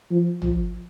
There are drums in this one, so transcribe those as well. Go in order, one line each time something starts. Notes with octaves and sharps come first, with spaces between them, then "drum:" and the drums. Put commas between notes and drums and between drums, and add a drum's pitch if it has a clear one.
F3
F3, drum: tom A1